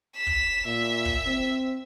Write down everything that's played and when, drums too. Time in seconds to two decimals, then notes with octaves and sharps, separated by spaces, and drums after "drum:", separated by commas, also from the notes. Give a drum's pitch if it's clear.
0.16 B6 E7
0.27 drum: kick
0.66 A#2 E5
1.05 drum: kick
1.26 C4